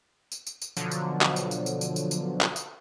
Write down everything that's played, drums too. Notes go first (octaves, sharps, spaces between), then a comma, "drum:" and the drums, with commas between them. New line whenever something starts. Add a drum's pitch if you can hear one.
drum: tambourine
drum: tambourine
drum: tambourine
B2 D3 F3 F#3, drum: tambourine
drum: tambourine
drum: clap
drum: tambourine
drum: tambourine
drum: tambourine
drum: tambourine
drum: tambourine
drum: tambourine
drum: clap
drum: tambourine